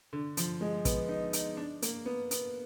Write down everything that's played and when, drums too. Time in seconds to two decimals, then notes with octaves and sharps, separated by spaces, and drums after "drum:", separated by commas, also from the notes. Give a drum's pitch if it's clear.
0.13 D3
0.37 F3, drum: hi-hat
0.61 G#3
0.85 B3, drum: kick, hi-hat
1.09 D#4
1.33 D#4, drum: hi-hat
1.57 D4
1.82 A#3, drum: hi-hat
2.06 B3
2.31 B3, drum: hi-hat